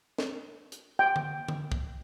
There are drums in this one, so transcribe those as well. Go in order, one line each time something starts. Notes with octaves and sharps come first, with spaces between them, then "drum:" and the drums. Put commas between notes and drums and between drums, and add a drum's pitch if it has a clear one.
drum: snare
drum: hi-hat
G5
drum: tom D3
drum: tom D3
drum: kick